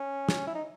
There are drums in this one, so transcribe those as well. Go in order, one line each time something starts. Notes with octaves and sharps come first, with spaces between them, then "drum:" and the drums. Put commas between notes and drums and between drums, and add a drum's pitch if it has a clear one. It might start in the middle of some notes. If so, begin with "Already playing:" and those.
Already playing: C#4
drum: snare
E4
D#4